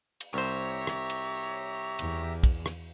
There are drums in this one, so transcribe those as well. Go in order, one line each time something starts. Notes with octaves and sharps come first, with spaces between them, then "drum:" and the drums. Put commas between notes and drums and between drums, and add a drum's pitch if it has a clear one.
drum: cymbal
C2 G4 C5 C#5 E5 A#5
drum: rim click
drum: cymbal
E2, drum: cymbal
drum: kick, cymbal
drum: rim click